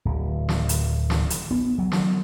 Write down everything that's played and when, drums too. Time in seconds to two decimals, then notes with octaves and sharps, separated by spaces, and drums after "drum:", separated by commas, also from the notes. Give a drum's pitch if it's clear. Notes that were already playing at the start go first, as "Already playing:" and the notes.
0.05 D1
0.49 drum: snare
0.69 drum: hi-hat
1.10 drum: snare
1.30 drum: hi-hat
1.51 B3
1.78 F#3
1.92 drum: snare